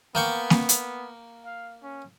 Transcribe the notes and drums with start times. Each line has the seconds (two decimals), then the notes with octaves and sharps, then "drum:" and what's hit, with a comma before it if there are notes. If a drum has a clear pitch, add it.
0.15 A#3 B3 G5 C#6
0.50 drum: snare A#3
0.69 drum: hi-hat
1.45 F5
1.83 C#4